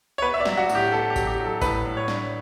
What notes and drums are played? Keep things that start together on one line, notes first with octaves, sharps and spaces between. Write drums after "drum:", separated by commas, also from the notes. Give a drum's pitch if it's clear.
C#5
B3 B4
E5
D5
F#3, drum: snare
F#4
A2, drum: tambourine
G4
B3 A4
G4
F#3, drum: kick G#1, tambourine
G4
F#3
A4
A2 B4, drum: kick G#1, tambourine
A2
C#5
D4, drum: snare